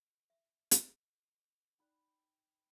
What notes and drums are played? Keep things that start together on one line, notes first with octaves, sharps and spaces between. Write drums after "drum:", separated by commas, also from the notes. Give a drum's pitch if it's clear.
E5
drum: hi-hat
D#4 D5 G5 B5 F#6